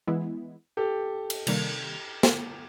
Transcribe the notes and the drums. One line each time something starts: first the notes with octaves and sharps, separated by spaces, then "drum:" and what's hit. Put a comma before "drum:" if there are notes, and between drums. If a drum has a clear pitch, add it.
E3 G#3 B3 E4
G4 A4
drum: cymbal
C3 D#3 G3 A#3, drum: cymbal
drum: snare